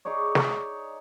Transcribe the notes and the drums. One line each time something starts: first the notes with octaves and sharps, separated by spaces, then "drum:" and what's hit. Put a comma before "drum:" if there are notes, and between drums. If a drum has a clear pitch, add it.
D#4 G#4 C#5 D5
drum: snare